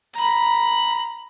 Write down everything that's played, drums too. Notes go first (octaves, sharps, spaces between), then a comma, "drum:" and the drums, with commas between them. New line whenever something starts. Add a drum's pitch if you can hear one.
A#5 B5, drum: open hi-hat